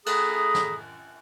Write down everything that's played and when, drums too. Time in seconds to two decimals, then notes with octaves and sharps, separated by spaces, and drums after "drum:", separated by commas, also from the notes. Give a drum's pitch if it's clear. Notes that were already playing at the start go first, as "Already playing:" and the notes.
0.06 A3 G#4 A#5 B5 D#6, drum: cymbal
0.55 drum: snare